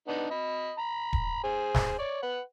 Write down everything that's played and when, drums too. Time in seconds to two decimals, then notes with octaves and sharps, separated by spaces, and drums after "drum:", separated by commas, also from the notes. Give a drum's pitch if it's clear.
0.08 B3 D4 D#4
0.30 D#5 B5
0.78 A#5 B5
1.13 drum: kick D#1
1.44 G#4 C5
1.75 drum: snare
1.99 C#5 D5
2.22 B4 F#5